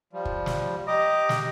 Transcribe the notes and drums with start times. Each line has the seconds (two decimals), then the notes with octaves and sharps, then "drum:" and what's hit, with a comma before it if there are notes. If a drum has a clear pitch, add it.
0.13 F3 G3
0.25 drum: kick
0.46 drum: snare
0.88 G4 D#5 A#5 D6
1.29 drum: snare